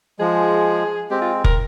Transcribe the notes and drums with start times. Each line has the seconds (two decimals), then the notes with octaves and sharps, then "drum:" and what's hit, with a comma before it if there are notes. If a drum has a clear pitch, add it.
0.20 F3 G#3 G#4
1.11 G#3 C4 G4
1.22 F4
1.44 A#4, drum: kick